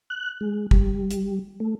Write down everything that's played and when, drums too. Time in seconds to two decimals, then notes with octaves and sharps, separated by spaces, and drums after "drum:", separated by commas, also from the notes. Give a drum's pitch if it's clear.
0.10 F#6
0.41 G#3
0.71 G3, drum: kick
1.11 drum: hi-hat
1.60 A3